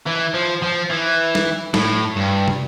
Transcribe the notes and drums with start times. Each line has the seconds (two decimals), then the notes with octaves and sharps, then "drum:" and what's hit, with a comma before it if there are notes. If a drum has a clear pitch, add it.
0.06 E3
0.34 F3
0.62 F3
0.90 E3
1.35 drum: snare
1.74 A2, drum: snare
2.16 G2
2.48 drum: tom